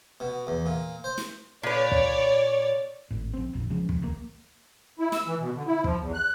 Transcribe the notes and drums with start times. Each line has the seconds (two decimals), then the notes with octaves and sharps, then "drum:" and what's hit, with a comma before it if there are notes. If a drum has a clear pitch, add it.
0.20 B2
0.47 E2
0.66 A#2
1.04 C5
1.18 drum: snare
1.63 A#2 B4 C#5 D5
1.92 drum: kick
3.11 G#1 A2
3.33 A#1 C4
3.53 A1 F2 A#2
3.70 C#3 F3 G#3
3.89 drum: kick
4.02 D#1 D#2 A#3
4.99 E4
5.12 E6, drum: snare
5.27 E3
5.40 B2
5.56 D3
5.67 E4
5.84 F3, drum: kick
5.99 E2
6.14 F#6